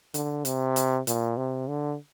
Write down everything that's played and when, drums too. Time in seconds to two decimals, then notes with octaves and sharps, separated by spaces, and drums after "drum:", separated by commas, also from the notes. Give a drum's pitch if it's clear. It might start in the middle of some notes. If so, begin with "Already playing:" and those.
0.14 D3, drum: hi-hat
0.45 C3, drum: hi-hat
0.76 drum: hi-hat
1.07 A#2, drum: hi-hat
1.37 C3
1.68 D3